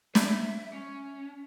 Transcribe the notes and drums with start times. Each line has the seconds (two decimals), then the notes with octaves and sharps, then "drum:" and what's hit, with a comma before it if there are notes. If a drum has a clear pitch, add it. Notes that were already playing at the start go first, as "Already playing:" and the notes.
0.15 E5, drum: snare
0.73 C#4